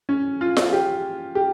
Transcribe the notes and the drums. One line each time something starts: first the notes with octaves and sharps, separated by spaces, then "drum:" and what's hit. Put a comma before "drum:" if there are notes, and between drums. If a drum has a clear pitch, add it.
C#4
F4
drum: snare F4
G4
G4